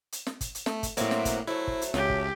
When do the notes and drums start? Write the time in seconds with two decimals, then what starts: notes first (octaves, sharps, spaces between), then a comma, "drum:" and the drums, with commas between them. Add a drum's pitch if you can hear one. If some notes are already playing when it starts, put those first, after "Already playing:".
0.12 drum: hi-hat
0.27 drum: snare
0.41 drum: kick, hi-hat
0.55 drum: hi-hat
0.66 A3, drum: snare
0.83 drum: kick, hi-hat
0.97 A2 F#3 A#3 C4 E5, drum: hi-hat
1.11 drum: snare
1.25 drum: kick, hi-hat
1.47 F#3 A3 E4 C5
1.67 drum: kick
1.82 drum: hi-hat
1.94 C#2 G4 C#5, drum: snare
2.10 drum: kick